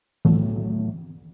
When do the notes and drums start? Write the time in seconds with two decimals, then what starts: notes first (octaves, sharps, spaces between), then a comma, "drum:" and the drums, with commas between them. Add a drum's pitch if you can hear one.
0.25 A2 F#3 A3, drum: tom E3